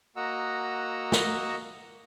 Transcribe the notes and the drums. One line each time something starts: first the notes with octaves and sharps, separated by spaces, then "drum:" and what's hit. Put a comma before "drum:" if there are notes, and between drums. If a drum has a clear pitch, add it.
A#3 F#4 D#5 F#5 A#5 E6
drum: snare